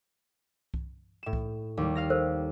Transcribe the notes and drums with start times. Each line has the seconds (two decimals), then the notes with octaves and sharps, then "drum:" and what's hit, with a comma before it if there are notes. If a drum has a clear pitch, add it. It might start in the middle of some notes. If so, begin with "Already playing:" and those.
0.74 drum: kick C2
1.23 A2 E7
1.33 drum: kick C2
1.77 D#2 G3
1.95 F5 F6 A#6
2.10 A4 A#4 C5